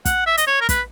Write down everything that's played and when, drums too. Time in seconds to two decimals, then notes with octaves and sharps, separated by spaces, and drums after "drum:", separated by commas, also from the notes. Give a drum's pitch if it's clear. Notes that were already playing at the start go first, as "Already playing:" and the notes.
0.05 F#5, drum: kick, hi-hat
0.26 E5
0.38 D#5, drum: hi-hat
0.47 C#5
0.61 A#4
0.69 B4, drum: kick, hi-hat